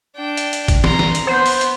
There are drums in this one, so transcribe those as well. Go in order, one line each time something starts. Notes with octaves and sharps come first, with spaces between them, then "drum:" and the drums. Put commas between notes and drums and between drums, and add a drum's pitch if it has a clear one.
D4 G5
drum: hi-hat
drum: hi-hat
drum: kick, hi-hat
A#5 C6, drum: snare
drum: snare
drum: hi-hat
B3 C5
drum: open hi-hat
drum: hi-hat